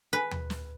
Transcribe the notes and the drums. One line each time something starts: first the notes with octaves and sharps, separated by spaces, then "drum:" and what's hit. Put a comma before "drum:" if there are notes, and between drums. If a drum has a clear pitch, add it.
B4
drum: tom D#2
drum: snare